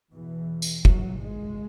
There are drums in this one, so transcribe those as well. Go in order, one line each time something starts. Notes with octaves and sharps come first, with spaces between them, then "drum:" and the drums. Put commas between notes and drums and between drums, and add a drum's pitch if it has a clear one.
E2 B2 E3
drum: tambourine
G#2 F#3, drum: kick
G#3